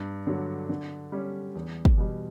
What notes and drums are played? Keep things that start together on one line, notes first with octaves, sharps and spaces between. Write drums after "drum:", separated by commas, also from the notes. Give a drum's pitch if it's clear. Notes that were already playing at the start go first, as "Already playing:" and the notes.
Already playing: G2
D3 F#3
D3
G3 C#4
E2
drum: kick
B2 G3